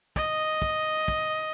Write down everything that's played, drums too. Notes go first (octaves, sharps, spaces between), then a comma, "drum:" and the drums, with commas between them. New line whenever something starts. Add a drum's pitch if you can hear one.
D#5, drum: kick
drum: kick
drum: kick